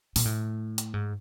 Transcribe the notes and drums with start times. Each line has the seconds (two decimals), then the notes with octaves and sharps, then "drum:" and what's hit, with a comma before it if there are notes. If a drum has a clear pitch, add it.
0.16 A#2, drum: open hi-hat
0.25 A2
0.78 drum: hi-hat
0.94 G#2